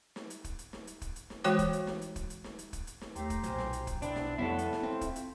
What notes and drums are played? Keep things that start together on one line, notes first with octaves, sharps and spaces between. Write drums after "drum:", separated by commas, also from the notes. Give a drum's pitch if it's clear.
drum: snare
drum: hi-hat
drum: kick, hi-hat
drum: hi-hat
drum: snare
drum: hi-hat
drum: kick, hi-hat
drum: hi-hat
drum: snare
E3 G#3 F#4 C#5 G5 D6, drum: hi-hat
drum: kick, hi-hat
drum: hi-hat
drum: snare
drum: hi-hat
drum: kick, hi-hat
drum: hi-hat
drum: snare
drum: hi-hat
drum: kick, hi-hat
drum: hi-hat
drum: snare
D#2 A3 G4 A#5 C6, drum: hi-hat
drum: kick, hi-hat
B1 A#2 F#3 C5 G#5, drum: hi-hat
drum: snare
drum: hi-hat
drum: kick, hi-hat
B1 B3 C4 D4 E4, drum: hi-hat
drum: snare
F2 C3 G3 B3 E4 A4 C#5 F#5
drum: hi-hat
drum: snare
C4 F4 C5 G5
drum: kick, hi-hat
drum: hi-hat